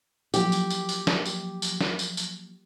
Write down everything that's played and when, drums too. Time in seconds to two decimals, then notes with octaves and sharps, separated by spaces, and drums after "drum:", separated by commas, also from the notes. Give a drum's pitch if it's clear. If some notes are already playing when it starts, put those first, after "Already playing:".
0.34 F3 F#3 A#3 G4, drum: tambourine
0.52 drum: tambourine
0.70 drum: tambourine
0.89 drum: tambourine
1.07 drum: snare
1.25 drum: tambourine
1.62 drum: tambourine
1.81 drum: snare
1.99 drum: tambourine
2.17 drum: tambourine